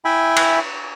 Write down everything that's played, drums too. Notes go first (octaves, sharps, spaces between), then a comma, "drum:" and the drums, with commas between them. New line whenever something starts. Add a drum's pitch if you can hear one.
E4 E5 G5 G#5 B5
drum: cymbal